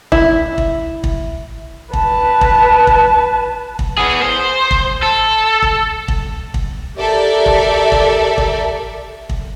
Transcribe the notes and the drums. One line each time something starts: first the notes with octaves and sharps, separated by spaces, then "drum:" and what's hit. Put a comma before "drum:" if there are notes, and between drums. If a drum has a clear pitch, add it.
E4, drum: kick
drum: kick
drum: kick
B4 A5, drum: kick
drum: kick
drum: kick
drum: kick
B3 G#4
C5
drum: kick
A4
drum: kick
drum: kick
drum: kick
G4 A4 A#4 D5 E5
drum: kick
drum: kick
drum: kick
drum: kick